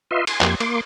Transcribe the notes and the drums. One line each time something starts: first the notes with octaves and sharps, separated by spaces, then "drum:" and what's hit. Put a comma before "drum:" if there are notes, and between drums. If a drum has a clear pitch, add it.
F4 B4 D#5 E5 C6
G#5 C6, drum: cymbal
F2 A#3 G4 C6 G#6, drum: clap
A#3 C6 D6, drum: cymbal